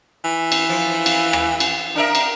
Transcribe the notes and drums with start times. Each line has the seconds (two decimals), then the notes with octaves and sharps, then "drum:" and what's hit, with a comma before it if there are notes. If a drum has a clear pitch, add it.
0.25 E3
0.52 drum: cymbal
0.69 F3
1.06 drum: cymbal
1.33 drum: rim click
1.60 drum: cymbal
1.95 D4 A#4 E5
2.15 drum: cymbal